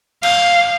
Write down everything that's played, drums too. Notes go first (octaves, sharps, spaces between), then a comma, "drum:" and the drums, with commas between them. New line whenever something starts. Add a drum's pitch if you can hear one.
F5, drum: cymbal